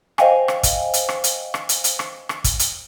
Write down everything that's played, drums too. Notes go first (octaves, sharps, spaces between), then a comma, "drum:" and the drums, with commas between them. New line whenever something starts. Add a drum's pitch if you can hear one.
C5 D#5 F5 G5 G#5, drum: rim click
drum: rim click
drum: kick, hi-hat
drum: hi-hat
drum: rim click
drum: hi-hat
drum: rim click
drum: hi-hat
drum: hi-hat
drum: rim click
drum: rim click
drum: kick, hi-hat
drum: hi-hat